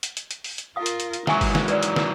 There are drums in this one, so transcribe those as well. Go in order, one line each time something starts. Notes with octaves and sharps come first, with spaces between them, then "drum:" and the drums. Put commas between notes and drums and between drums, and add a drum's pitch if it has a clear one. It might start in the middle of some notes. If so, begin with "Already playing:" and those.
drum: hi-hat
drum: hi-hat
drum: hi-hat
drum: open hi-hat
drum: hi-hat
F4 A#4 F5 D#6
drum: hi-hat
drum: hi-hat
drum: hi-hat
D#3 E3 F#3 G#3 E5 G#5 C#6, drum: snare
drum: kick G1, open hi-hat
drum: snare
B4 D5, drum: hi-hat
drum: hi-hat
drum: snare